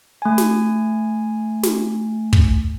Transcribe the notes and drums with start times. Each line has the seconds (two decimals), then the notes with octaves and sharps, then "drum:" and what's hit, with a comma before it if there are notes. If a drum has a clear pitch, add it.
0.22 A3 G#5
0.38 drum: snare
1.63 drum: snare
2.33 drum: kick